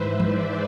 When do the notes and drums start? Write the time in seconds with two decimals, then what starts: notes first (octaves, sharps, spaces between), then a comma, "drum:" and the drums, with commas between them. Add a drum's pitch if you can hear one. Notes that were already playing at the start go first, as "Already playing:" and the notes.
Already playing: G#2 E3 B4 C5 E5
0.20 D5, drum: tom E3